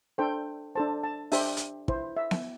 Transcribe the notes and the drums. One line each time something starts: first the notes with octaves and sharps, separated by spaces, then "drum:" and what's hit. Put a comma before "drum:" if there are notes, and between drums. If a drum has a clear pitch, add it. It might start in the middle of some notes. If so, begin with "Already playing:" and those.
D4 A4 C5 G5
D4 A4 C5 A5
A5
D4 G4 C5 E5, drum: open hi-hat
drum: hi-hat
E4 C5, drum: kick
E5
drum: snare B3